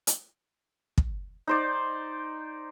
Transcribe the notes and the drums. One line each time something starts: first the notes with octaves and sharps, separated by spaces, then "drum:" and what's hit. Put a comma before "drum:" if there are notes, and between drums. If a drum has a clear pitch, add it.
drum: hi-hat
drum: kick
D#4 C5 D5